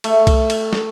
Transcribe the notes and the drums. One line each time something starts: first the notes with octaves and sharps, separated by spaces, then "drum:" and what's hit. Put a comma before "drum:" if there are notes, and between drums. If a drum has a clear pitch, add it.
A3, drum: cymbal
drum: kick C2, cymbal
drum: cymbal
drum: snare